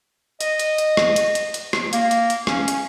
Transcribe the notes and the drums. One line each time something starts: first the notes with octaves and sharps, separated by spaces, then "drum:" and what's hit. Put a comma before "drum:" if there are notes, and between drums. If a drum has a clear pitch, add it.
D#5, drum: hi-hat
drum: hi-hat
drum: hi-hat
drum: rim click
drum: hi-hat
drum: hi-hat
drum: hi-hat
drum: rim click
A#3, drum: hi-hat
drum: hi-hat
drum: hi-hat
C#4, drum: rim click
drum: hi-hat